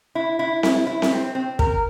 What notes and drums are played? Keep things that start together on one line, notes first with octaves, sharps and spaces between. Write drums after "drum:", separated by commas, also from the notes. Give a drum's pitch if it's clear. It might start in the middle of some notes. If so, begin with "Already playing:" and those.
E4
E4
E4, drum: snare C4
E4
drum: snare C4
C4
C4
A#4, drum: kick